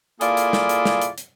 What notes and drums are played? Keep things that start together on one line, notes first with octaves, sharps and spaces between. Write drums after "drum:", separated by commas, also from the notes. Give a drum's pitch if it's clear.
A#3 E4 F4 G#4 A4 D5, drum: hi-hat
drum: hi-hat
drum: snare
drum: hi-hat
drum: snare
drum: hi-hat
drum: hi-hat